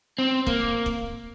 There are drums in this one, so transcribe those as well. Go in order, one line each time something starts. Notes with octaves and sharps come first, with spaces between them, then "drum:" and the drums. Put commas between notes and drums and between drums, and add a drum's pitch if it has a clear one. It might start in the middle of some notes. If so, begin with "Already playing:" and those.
C4
A#3, drum: kick
drum: kick